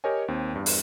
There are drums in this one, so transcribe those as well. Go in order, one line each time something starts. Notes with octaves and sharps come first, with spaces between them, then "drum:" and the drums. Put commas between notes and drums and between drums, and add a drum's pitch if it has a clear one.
G4 A#4 C#5 D#5 G#5
D#2 C4
E2 G2
drum: open hi-hat